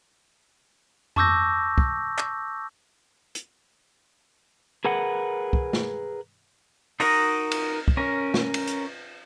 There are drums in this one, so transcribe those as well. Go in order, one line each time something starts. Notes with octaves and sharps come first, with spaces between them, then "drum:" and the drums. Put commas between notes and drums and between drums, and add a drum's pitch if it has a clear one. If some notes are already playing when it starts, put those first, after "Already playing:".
A5 C#6 D6 E6 G6 A#6, drum: tom F2
drum: kick
drum: clap
drum: hi-hat
G#4 A#4 B4 F#5
drum: kick
drum: snare
D#4 F#4 A#4 D#5 A#5, drum: open hi-hat
drum: cymbal
drum: kick
C#4 A#4
drum: snare
drum: cymbal
drum: hi-hat